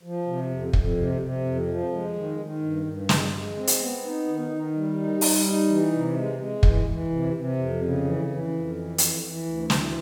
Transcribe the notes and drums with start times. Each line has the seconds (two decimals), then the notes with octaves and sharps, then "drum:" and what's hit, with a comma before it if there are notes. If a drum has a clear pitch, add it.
0.03 F3
0.27 C3
0.50 F2
0.73 F2, drum: kick
0.97 C3
1.21 C3
1.45 F2
1.68 F3
1.92 G#3
2.15 D#3
2.38 D#3
2.62 G2
2.86 G2
3.09 G#3, drum: snare
3.33 G#3
3.56 C4
3.67 drum: hi-hat
3.80 B3
4.04 D#4
4.27 D#3
4.51 D#3
4.74 G3
4.98 D#4
5.21 G3, drum: open hi-hat
5.45 D#4
5.68 E3
5.93 C3
6.16 G#3
6.39 G#3
6.63 E3, drum: kick
6.86 E3
7.10 C3
7.34 C3
7.57 F2
7.81 C#3
8.04 E3
8.28 E3
8.51 F2
8.75 E3
8.98 E3, drum: hi-hat
9.22 E3
9.46 D2
9.70 E3, drum: snare